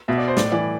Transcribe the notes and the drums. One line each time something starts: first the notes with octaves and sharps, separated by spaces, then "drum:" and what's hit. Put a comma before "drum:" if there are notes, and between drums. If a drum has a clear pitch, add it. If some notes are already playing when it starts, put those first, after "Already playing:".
B2 E5
D5
C5
A2 D5, drum: snare
E3 D5